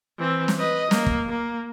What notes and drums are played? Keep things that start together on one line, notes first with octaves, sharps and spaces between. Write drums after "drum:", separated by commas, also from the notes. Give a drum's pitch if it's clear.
E3 C4
drum: snare
B4 D#5
A#3, drum: snare
drum: kick
A#3